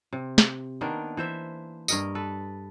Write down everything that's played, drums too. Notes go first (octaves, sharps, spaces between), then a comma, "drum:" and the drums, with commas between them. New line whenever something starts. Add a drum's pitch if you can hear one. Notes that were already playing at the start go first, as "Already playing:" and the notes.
C3
drum: snare
D#3 A#3 B3 D4
E3 C5 E5
G2 A#4 D#5, drum: tambourine
A4 B4